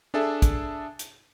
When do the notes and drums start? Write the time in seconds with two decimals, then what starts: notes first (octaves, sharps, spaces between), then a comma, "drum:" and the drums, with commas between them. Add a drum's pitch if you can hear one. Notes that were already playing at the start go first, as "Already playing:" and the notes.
0.14 D4 G#4 A4 E5 A5
0.42 drum: kick, hi-hat
0.99 drum: hi-hat